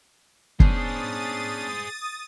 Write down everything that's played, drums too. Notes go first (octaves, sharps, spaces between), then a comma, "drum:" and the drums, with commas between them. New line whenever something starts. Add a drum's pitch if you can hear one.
B3 C#4 D4 G#4 C5 D#6 A6, drum: kick